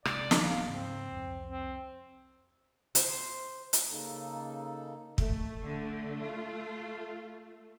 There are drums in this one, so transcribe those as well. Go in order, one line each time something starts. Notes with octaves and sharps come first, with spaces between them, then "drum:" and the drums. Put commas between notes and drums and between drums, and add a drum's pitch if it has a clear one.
C3 G#3 D5, drum: rim click
drum: snare
D1 F5
G#2 C#3 C4
C2 F2
C4
C5, drum: hi-hat
drum: hi-hat
C#3 A#3 D#4 A4
A3, drum: kick
D3
F4